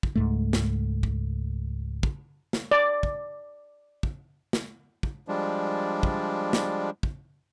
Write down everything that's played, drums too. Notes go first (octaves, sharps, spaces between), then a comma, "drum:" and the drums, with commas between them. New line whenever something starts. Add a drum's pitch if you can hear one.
drum: kick
C#2 G#2 A3
drum: snare
drum: kick
drum: kick
drum: snare
D5
drum: kick
drum: kick
drum: snare
drum: kick
F3 G3 G#3 D4
drum: kick
drum: snare
drum: kick